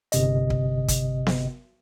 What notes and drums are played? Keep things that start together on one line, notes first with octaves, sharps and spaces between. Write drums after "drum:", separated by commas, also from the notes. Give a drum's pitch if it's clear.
G1 C3 D#5, drum: hi-hat
drum: kick
drum: kick, hi-hat
drum: snare B3